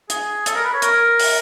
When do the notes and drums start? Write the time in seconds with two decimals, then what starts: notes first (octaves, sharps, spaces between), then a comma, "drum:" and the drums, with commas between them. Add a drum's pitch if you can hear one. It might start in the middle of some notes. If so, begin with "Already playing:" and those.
0.10 G#4, drum: hi-hat
0.46 A4, drum: hi-hat
0.55 A#4
0.64 B4
0.73 C#5
0.82 A#4, drum: hi-hat
1.19 drum: open hi-hat